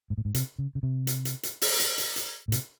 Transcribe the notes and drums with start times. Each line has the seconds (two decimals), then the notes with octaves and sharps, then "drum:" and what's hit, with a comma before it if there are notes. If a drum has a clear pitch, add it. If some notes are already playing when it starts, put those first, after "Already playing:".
0.10 G#2
0.18 A2
0.25 G#2
0.34 C3, drum: hi-hat
0.59 C#3
0.75 C#3
0.83 C3
1.07 drum: hi-hat
1.25 drum: hi-hat
1.43 drum: hi-hat
1.62 drum: open hi-hat
1.80 drum: hi-hat
1.98 drum: hi-hat
2.16 drum: hi-hat
2.48 A2
2.52 C3, drum: hi-hat